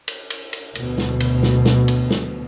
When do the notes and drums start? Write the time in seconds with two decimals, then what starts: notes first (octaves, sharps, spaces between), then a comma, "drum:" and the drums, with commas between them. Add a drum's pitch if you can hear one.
0.08 drum: cymbal
0.30 drum: cymbal
0.53 drum: cymbal
0.75 D2 B2, drum: cymbal
0.98 drum: snare
1.20 drum: cymbal
1.43 drum: snare
1.65 drum: snare
1.88 drum: cymbal
2.10 drum: snare